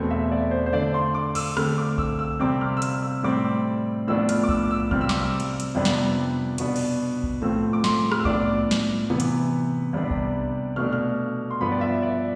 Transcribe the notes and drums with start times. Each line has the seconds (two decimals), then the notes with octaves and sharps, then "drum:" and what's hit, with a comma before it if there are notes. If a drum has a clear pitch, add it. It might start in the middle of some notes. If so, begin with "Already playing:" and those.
Already playing: E2 B2 A3 C4
0.11 E5
0.31 D5
0.51 C5
0.66 C5
0.72 D3 A3 D4 D5
0.94 C6
1.15 D6
1.35 E6, drum: cymbal
1.57 D3 A3 C4 F6, drum: rim click
1.78 D6
1.98 E6, drum: kick B1
2.19 E6
2.40 C3 G3 C4 D6
2.61 F6
2.77 E6
2.82 F6, drum: hi-hat
3.02 E6
3.23 A2 G3 C4 D6
4.07 A2 F3 B3 D4 E6
4.29 F6, drum: hi-hat
4.43 D6
4.49 E6, drum: kick B1
4.71 E6
4.91 C3 G3 C4 F6, drum: kick B1
5.01 E6
5.09 D6, drum: snare
5.20 E6
5.40 drum: cymbal
5.60 drum: hi-hat
5.75 F2 C3 G3 B3 D4
5.85 drum: snare
6.58 B2 B3 D4, drum: hi-hat
6.76 drum: cymbal
7.24 drum: kick B1
7.42 A2 F3 A3 C4 E6
7.73 D6
7.84 C6, drum: snare
8.12 F6, drum: rim click
8.19 E6
8.25 A2 F3 B3 D4 D6, drum: kick B1
8.71 drum: snare
9.10 C3 E3 B3
9.20 drum: hi-hat
9.93 C3 G3 B3 D4
10.11 drum: kick B1
10.76 B2 A3 D4 F6
10.93 F6
11.51 C6
11.61 G2 F3 B3 B5
11.72 D5
11.81 E5
12.02 D5